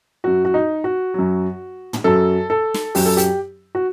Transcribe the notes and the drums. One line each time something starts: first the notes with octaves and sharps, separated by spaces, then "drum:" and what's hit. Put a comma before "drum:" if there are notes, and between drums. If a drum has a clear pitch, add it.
F#2 F#3 F#4
F#4
D#4
F#4
F#2 F#3
drum: tom
F#2 F#3 A4
A4
drum: snare
F#2 F#3 G4, drum: open hi-hat
A4
G4, drum: hi-hat
F#4